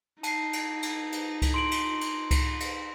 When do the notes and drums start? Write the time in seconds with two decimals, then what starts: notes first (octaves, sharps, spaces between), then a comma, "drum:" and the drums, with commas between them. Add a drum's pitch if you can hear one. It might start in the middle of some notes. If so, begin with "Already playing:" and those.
0.23 D#4 A5 C7, drum: cymbal
0.53 drum: cymbal
0.83 drum: cymbal
1.12 drum: cymbal
1.42 drum: kick C#2, cymbal
1.54 C6 D7 F#7
1.71 drum: cymbal
2.01 drum: cymbal
2.31 drum: kick C#2, cymbal
2.60 drum: cymbal